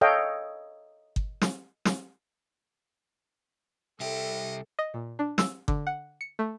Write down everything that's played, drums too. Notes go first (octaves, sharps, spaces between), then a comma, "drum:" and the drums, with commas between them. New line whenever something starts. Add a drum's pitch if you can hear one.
A4 C#5 D#5 F5 G5
drum: kick G1
drum: snare
drum: snare
C2 G4 A4 D#5 E5
D#5
A#2
D4
E6, drum: snare
D3, drum: kick G1
F#5
C#7
A3